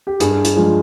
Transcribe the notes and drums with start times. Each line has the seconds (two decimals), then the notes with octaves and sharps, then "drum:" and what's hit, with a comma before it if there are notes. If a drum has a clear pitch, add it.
0.07 G4
0.20 G2 G#4, drum: hi-hat
0.44 drum: hi-hat
0.57 F3 G#3